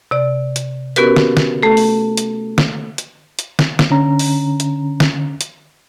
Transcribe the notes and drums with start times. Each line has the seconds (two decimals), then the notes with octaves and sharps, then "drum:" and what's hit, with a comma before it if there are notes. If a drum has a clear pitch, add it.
0.11 C3 D5
0.56 drum: hi-hat
0.96 B3 C#4 F#4 G4 A#4 B4, drum: hi-hat
1.16 drum: snare
1.37 drum: snare
1.63 A3 A4
1.77 drum: open hi-hat
2.17 drum: hi-hat
2.58 drum: snare
2.98 drum: hi-hat
3.39 drum: hi-hat
3.59 drum: snare
3.79 drum: snare
3.90 D3 C#4 A#5
4.19 drum: open hi-hat
4.60 drum: hi-hat
5.00 drum: snare
5.41 drum: hi-hat